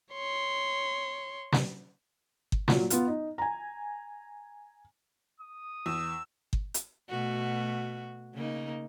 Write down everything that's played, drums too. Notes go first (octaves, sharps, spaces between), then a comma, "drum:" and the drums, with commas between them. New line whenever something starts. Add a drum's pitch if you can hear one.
C#5 C6
drum: snare
drum: kick G1
A#2 F#3, drum: snare
B3 F4, drum: hi-hat
D#4
G#5 A#5
D#6
E2 E6
drum: kick G1
drum: hi-hat
B2 A3 F#4
C#3 A#3 D#4